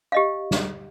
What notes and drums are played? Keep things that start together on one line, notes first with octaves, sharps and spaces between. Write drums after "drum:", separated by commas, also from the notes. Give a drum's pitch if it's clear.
G4 D#5 F5
drum: snare